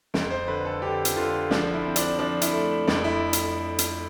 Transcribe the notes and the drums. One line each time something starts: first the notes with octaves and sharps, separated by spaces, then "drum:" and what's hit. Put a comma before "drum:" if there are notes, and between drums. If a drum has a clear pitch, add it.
F2, drum: snare
C5
D3 B4
A4
D3 G4
drum: hi-hat
D3 F4
F3 D4, drum: snare
E4
C4
D4, drum: hi-hat
F3 D4
E4, drum: hi-hat
A3
F2 D4, drum: snare
E4
drum: hi-hat
drum: hi-hat